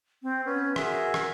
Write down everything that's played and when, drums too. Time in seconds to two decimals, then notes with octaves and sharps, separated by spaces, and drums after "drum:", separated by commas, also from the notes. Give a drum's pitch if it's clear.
0.23 C4
0.45 B3 C#4
0.76 F#4 G#4 A#4 E5, drum: rim click
1.14 drum: rim click